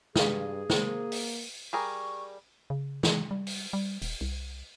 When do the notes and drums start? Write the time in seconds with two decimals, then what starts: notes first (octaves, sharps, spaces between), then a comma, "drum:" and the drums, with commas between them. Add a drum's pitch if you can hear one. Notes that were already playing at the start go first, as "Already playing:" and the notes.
0.16 G2 G#4 B4 F5, drum: snare
0.70 A#3 C5, drum: snare
1.12 drum: open hi-hat
1.73 G3 G#4 A#4 C#6
2.70 C#3
3.03 E3, drum: snare
3.31 G3
3.47 drum: open hi-hat
3.73 G3
4.02 D#1, drum: open hi-hat
4.21 C2